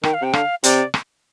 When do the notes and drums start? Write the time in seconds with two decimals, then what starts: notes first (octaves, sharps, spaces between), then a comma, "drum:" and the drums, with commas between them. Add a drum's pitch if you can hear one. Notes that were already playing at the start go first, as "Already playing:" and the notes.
0.03 D#3 G5, drum: rim click
0.14 F5
0.22 C3 G5
0.33 D3 F5, drum: rim click
0.64 C3 D5, drum: hi-hat
0.94 drum: rim click